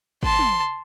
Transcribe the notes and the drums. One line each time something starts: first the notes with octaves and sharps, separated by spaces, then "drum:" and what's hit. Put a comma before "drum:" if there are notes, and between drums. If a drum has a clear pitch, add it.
A5 C6, drum: kick
drum: tom